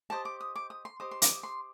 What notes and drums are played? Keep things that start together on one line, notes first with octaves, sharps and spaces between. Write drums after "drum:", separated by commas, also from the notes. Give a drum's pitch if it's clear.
G4 C5 D#5 A5
D6
D#6
D6
D#6
C6
G4 C5 D#5 D#6
C6
D6, drum: hi-hat
C6